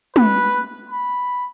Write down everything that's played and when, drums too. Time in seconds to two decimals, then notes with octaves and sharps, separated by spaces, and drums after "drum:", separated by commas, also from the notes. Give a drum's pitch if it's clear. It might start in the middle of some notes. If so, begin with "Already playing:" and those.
0.16 B4, drum: tom
0.90 B5